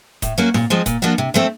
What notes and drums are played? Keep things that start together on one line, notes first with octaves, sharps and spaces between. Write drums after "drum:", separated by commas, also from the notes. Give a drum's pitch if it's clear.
A2, drum: kick D#1, hi-hat
F#3 A#3 C#4 F#4
A#2, drum: snare
F3 G#3 C4
A#2, drum: kick D#1, hi-hat
F3 A#3 D4 F#4
C3
F3 A3 C4